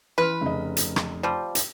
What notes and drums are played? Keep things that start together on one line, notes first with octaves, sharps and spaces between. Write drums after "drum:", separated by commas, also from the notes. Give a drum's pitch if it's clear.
E3 B4 C6 F6
F1 C#3 D#5
drum: hi-hat
drum: rim click
F3 G3
drum: hi-hat